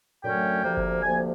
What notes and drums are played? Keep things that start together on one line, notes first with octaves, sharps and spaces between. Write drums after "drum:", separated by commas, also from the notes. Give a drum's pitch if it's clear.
F#2 D3 F#3 A3 C#4 G5, drum: tom A2
D2 C3 F3 A#3
drum: kick F#1
D2 C3 F3 A#3 G#5